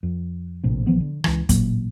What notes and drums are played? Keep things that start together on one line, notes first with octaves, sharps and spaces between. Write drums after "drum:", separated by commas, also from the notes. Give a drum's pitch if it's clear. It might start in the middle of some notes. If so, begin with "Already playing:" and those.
F2
F1 A#1 A2 C3
B1 E3 F3 B3
D3
C#2 E3, drum: rim click
A1 A#2 F#3 A#3, drum: kick, hi-hat